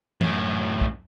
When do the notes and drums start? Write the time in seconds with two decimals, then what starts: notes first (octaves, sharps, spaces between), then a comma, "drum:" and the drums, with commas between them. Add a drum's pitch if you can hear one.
0.21 F#2 A2, drum: tom E3
0.81 drum: kick